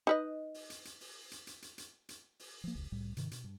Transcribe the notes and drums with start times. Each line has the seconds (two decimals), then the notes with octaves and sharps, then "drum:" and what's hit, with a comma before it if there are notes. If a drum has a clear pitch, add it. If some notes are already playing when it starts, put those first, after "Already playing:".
0.07 D#4 B4 D#5
0.54 drum: open hi-hat
0.70 drum: hi-hat
0.85 drum: hi-hat
1.01 drum: open hi-hat
1.32 drum: hi-hat
1.47 drum: hi-hat
1.62 drum: hi-hat
1.78 drum: hi-hat
2.09 drum: hi-hat
2.39 drum: open hi-hat
2.64 F3 A#3
2.75 E1 C#2
2.92 C2 A2 G3
3.17 G#2 C3 D#3, drum: hi-hat
3.31 B2, drum: hi-hat
3.44 G2